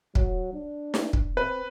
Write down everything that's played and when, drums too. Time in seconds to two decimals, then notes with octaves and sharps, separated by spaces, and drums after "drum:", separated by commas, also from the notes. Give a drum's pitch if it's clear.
0.15 F#3, drum: kick
0.54 D4
0.94 drum: snare
1.13 drum: kick
1.37 C4 B4